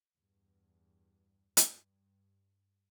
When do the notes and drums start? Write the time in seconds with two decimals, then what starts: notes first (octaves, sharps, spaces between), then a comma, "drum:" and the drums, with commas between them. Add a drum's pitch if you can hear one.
0.18 E2 G2
1.57 G2, drum: hi-hat